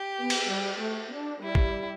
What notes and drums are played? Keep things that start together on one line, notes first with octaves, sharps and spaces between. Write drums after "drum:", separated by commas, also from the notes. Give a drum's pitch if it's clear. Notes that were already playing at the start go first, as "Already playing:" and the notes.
Already playing: G4
B3
drum: cymbal
G3
A3
D4
G3 E4
drum: kick